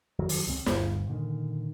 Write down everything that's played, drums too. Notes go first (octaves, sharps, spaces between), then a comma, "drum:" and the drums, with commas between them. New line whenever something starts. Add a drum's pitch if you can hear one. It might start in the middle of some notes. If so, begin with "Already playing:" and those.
F#2 D#3 F#3
drum: open hi-hat
C#2 G#2 C#3 C4
G1 D2 G2, drum: snare
A#2 D3 D#3